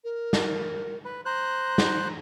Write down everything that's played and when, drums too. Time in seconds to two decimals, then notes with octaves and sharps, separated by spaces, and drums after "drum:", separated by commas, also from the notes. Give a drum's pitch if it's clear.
0.04 A#4
0.33 drum: snare
1.05 B4
1.25 C5 A#5 F#6
1.78 drum: snare